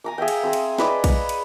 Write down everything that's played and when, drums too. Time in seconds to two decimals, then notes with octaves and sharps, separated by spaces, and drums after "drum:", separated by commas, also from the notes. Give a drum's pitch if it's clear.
0.04 G#5 A#5 D6
0.18 G#4 E5 F5 G5
0.28 drum: cymbal
0.43 C4 G#4 C5
0.53 drum: cymbal
0.78 B4 D5 D#5, drum: snare
1.04 drum: kick B1, cymbal
1.29 drum: cymbal